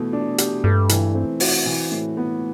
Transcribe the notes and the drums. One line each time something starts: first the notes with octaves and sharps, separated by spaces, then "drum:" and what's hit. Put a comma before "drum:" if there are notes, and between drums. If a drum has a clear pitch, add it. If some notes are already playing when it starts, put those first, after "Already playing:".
Already playing: B2 E3 A3
D4
G4, drum: hi-hat
G2 A3
E3, drum: hi-hat
C4
F#4, drum: open hi-hat
E3
A2
B3